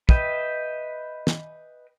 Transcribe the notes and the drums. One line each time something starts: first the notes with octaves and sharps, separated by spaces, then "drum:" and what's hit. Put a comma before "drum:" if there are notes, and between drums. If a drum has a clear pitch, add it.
B4 D#5 E5 G5, drum: kick
drum: snare